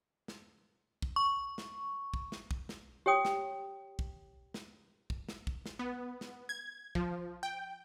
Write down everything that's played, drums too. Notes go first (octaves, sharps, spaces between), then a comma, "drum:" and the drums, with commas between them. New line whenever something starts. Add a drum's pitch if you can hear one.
drum: snare
drum: kick
C#6
drum: snare
drum: kick
drum: snare
drum: kick
drum: snare
G4 C#5 G5 D#6
drum: snare
drum: kick
drum: snare
drum: kick
drum: snare
drum: kick
drum: snare
B3
drum: snare
G#6
F3, drum: kick
G5